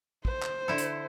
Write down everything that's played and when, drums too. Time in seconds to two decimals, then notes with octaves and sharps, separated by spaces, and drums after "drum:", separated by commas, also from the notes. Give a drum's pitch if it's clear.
0.25 C5, drum: kick
0.43 drum: clap
0.68 D3 E4 A4
0.78 drum: hi-hat